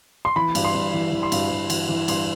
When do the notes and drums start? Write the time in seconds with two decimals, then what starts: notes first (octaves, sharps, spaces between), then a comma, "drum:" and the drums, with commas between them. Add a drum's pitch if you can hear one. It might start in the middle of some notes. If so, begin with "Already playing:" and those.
0.25 C6
0.36 E3 B5
0.55 G2, drum: cymbal
0.64 C6
0.75 G2
0.94 E3
1.12 E3
1.23 C6
1.32 G2, drum: cymbal
1.51 G2
1.70 E3, drum: cymbal
1.89 E3
2.08 G2 C6, drum: cymbal